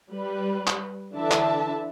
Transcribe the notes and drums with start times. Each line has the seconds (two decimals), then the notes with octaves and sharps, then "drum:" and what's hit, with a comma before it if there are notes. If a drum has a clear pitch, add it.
0.11 G3 B4
0.67 drum: clap
1.15 D3 E3 D4 E5 A5
1.31 drum: clap